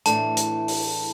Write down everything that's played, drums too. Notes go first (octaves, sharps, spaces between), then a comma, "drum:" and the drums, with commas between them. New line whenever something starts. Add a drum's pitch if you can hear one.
A2 E3 A3 D4 A5, drum: hi-hat
drum: hi-hat
drum: open hi-hat